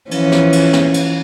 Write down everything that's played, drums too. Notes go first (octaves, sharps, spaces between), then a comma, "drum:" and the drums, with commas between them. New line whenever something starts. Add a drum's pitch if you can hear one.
E3 F3 C#4, drum: cymbal
drum: snare
drum: cymbal
drum: snare
drum: cymbal